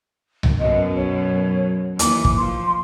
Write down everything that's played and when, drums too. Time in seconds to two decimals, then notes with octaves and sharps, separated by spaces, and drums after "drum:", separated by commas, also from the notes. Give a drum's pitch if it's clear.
0.43 drum: tom C2
0.58 F#2 B2 F#3 D#5
0.95 C#5
1.99 D#2 E3 D6, drum: hi-hat
2.25 drum: kick
2.37 F3 C6